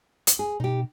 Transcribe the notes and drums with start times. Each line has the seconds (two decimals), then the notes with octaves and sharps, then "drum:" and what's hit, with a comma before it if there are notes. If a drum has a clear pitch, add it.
0.27 drum: hi-hat
0.39 G#4
0.60 B2 D#4 G4